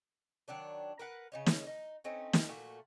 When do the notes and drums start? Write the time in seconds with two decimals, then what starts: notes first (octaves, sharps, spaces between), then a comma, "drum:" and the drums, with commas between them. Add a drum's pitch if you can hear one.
0.48 D#3 F#3 D4 D5
0.99 A#4 B4 F#5
1.32 C#3 D#4 C#5
1.46 drum: snare
1.67 D#4
2.04 A3 C4 C#4 D#4
2.33 drum: snare
2.49 A#2 A3 F#4